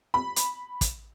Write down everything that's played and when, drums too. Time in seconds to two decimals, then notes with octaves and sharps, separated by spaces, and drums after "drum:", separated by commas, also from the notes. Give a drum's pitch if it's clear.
0.14 B5
0.36 drum: hi-hat
0.81 drum: kick, hi-hat